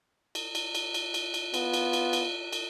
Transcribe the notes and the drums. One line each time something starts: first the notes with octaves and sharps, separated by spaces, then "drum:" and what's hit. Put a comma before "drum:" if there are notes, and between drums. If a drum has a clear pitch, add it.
drum: cymbal
drum: cymbal
drum: cymbal
drum: cymbal
drum: cymbal
drum: cymbal
B3 F4, drum: cymbal
drum: cymbal
drum: cymbal
drum: cymbal
drum: cymbal